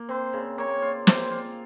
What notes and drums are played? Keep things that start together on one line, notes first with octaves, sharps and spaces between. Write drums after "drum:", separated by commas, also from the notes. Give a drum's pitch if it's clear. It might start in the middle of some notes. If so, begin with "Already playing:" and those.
Already playing: A#3
C4 C5
C#3
A#3 C#5
F4
A#3 C5, drum: snare
F4